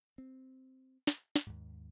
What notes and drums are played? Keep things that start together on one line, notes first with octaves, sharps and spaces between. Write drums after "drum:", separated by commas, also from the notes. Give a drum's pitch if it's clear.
C4
drum: snare
drum: snare
D#2 G#2